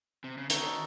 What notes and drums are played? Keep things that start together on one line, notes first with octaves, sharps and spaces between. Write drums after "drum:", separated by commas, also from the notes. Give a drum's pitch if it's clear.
C3
C#3
D#3 D#4 F#4 A4, drum: hi-hat